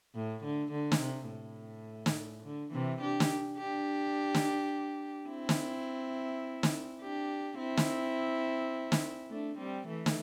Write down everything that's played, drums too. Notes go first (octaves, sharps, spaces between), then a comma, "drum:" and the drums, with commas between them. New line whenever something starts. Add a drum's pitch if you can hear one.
A2
D3
D3
drum: snare
C3
A2
drum: snare
D3
C3 E3
D4 G4
drum: snare
D4 G4
drum: snare
C4 E4
drum: snare
drum: snare
D4 G4
C4 E4
drum: snare
drum: snare
A3 D4
G3 C4
E3 A3
drum: snare